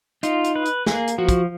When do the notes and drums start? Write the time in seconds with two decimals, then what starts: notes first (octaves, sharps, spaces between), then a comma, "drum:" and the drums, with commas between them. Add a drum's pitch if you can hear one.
0.23 D#4 F4, drum: hi-hat
0.44 drum: hi-hat
0.56 B4
0.65 drum: hi-hat
0.86 A#3 G#4, drum: snare
1.08 drum: hi-hat
1.18 F3 F#4
1.29 drum: kick, hi-hat